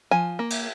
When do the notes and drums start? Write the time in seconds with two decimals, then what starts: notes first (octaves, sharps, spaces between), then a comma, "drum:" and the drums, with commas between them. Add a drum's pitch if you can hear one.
0.11 F3 G#5
0.39 A#3
0.50 drum: cymbal